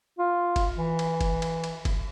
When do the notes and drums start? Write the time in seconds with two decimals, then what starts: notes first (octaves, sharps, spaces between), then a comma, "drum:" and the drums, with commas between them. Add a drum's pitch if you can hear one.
0.19 F4
0.56 drum: kick F#1, cymbal
0.77 E3
0.99 drum: cymbal
1.21 drum: kick F#1, cymbal
1.42 drum: cymbal
1.64 drum: cymbal
1.85 drum: kick F#1, cymbal